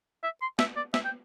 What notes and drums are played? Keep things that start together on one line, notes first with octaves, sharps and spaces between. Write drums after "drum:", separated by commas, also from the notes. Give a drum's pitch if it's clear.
E5
C6
E5, drum: snare
D5
E5, drum: snare
G5